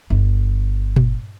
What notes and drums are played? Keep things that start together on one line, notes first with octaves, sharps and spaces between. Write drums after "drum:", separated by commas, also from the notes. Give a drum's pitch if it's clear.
G1
drum: tom A#2